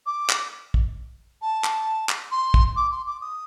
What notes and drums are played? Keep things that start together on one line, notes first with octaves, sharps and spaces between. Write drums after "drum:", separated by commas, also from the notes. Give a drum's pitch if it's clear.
D6
drum: clap
drum: kick
A5
drum: clap
drum: clap
C6
drum: kick
D6
C6
D6
D#6